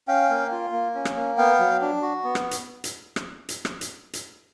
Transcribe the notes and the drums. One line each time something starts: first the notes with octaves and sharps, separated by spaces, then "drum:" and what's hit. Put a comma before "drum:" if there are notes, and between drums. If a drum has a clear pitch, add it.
C#4 F5 G5
A#3
F4
A#3
C#4
drum: rim click
A#3
B3 F5 G5
F#3
D4
F#4
B3
drum: rim click
drum: hi-hat
drum: hi-hat
drum: rim click
drum: hi-hat
drum: rim click
drum: hi-hat
drum: hi-hat